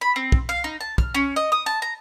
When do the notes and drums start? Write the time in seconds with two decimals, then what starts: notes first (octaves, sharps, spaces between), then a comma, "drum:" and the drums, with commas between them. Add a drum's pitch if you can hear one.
0.01 B5
0.16 C4
0.32 drum: kick
0.49 F5
0.64 D#4
0.81 A5
0.98 F6, drum: kick
1.14 C#4
1.36 D#5
1.52 D#6
1.66 A5
1.82 A#5